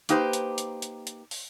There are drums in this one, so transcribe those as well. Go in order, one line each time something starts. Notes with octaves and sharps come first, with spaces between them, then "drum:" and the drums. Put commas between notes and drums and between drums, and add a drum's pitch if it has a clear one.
A#3 D#4 G4 B4 C5, drum: hi-hat
drum: hi-hat
drum: hi-hat
drum: hi-hat
drum: hi-hat
drum: open hi-hat